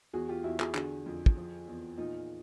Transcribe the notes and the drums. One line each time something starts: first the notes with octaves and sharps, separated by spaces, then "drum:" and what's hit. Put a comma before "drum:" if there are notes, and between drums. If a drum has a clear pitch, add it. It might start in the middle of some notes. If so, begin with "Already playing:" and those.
E2 F#4 G#4
F4 G4
E2 E4 F#4
F#4 G#4, drum: clap
D3 F#4 G#4, drum: clap
F2
drum: kick
F3
E2
A#2 D#4 F4